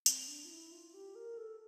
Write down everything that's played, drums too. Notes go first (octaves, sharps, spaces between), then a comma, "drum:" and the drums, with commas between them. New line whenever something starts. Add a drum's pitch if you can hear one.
C4, drum: tambourine
D4
F4
E4
F4
G4
A#4
A4